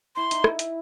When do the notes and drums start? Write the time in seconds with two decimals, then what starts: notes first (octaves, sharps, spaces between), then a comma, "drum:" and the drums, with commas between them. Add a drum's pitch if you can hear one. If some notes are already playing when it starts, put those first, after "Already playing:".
0.16 E4 C6
0.31 D#4, drum: hi-hat
0.44 E4, drum: rim click
0.59 drum: hi-hat